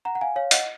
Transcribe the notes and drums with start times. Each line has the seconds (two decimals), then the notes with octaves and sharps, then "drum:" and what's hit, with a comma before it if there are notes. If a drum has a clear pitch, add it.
0.05 F#5 A#5
0.15 F#5
0.21 F5 G#5
0.36 C#5 F5
0.51 D#5 F#5, drum: hi-hat